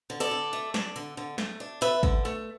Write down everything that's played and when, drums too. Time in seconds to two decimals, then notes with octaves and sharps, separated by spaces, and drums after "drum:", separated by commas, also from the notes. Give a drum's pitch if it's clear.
0.10 D3
0.20 A4 D5
0.31 D3
0.53 A3
0.74 D4, drum: snare
0.96 D3
1.17 D3
1.38 A3, drum: snare
1.60 D4
1.81 D3 B4 E5
2.03 D3, drum: kick
2.25 A3